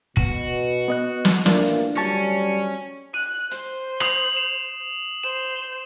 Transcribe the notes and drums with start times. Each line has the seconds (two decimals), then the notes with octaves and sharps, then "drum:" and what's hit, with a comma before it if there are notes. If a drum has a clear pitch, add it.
0.17 B2 F#4, drum: kick
0.88 B3 D#5 F#6
1.25 drum: snare
1.46 A1 E3 A#3 D4 F4, drum: snare
1.67 drum: hi-hat
1.97 D2 F#3 G3 C#4 A5 C#6
3.14 F#6 D#7
3.51 C5, drum: hi-hat
4.00 D#6 C7 F#7, drum: rim click
4.36 E7
5.23 C5 E7